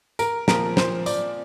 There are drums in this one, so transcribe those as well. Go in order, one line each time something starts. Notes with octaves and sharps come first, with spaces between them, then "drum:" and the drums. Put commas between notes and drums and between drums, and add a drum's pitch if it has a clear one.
A#4, drum: tambourine
A#2 F3 C4 A#4, drum: snare
C5, drum: snare
D5, drum: tambourine